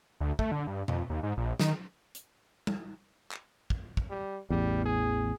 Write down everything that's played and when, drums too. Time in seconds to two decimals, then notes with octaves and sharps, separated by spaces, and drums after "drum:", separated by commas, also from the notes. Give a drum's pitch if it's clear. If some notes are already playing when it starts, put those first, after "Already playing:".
0.20 D2
0.39 A3, drum: kick
0.52 D3
0.67 G2
0.88 F2, drum: tom B2
1.10 D#2
1.23 G#2
1.37 A#1
1.60 D#3, drum: snare
2.15 drum: hi-hat
2.67 drum: tom G3
3.32 drum: clap
3.70 drum: kick
3.97 drum: kick
4.10 G3
4.50 A1 E2 G3
4.85 G#4